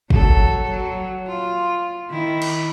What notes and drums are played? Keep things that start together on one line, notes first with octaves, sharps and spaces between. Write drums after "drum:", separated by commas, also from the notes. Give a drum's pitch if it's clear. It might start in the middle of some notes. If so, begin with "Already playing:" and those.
F#3 A4, drum: kick
F#3
F4
D#3 E4
drum: cymbal